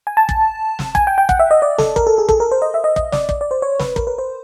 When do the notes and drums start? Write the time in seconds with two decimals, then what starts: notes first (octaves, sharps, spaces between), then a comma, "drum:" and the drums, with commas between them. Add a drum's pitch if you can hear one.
0.07 G#5
0.17 A5
0.29 drum: kick
0.79 drum: snare
0.95 G#5, drum: kick
1.07 G5
1.18 G5
1.29 F#5, drum: kick
1.39 E5
1.51 D#5
1.62 D5
1.78 A4, drum: snare
1.96 A#4, drum: kick
2.07 A4
2.18 G#4
2.29 A4, drum: kick
2.40 A#4
2.51 C5
2.62 D#5
2.74 E5
2.84 D#5
2.96 D#5, drum: kick
3.12 D5, drum: snare
3.29 D5, drum: kick
3.41 D5
3.51 C5
3.62 C#5
3.79 B4, drum: snare
3.96 A#4, drum: kick
4.07 B4
4.18 C5